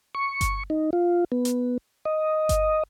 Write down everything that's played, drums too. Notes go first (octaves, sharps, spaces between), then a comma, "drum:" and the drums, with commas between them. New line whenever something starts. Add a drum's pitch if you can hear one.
C#6
drum: kick G1, hi-hat
D#4
F4
B3
drum: hi-hat
D#5
drum: kick G1, hi-hat